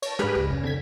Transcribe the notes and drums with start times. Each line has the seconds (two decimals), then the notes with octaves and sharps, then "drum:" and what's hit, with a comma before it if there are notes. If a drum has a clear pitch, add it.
0.02 C#5 A5, drum: cymbal
0.19 G#2 G4 G#4 B4 B5 F6, drum: tom
0.35 C#2 B3
0.50 F2 C#3 C#4
0.64 D3 C4 G#6 B6